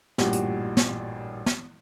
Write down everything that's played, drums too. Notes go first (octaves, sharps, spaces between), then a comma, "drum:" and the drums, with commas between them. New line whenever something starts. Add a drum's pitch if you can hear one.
A1 G2 A#2 F#4 G4, drum: snare
drum: hi-hat
drum: snare
drum: snare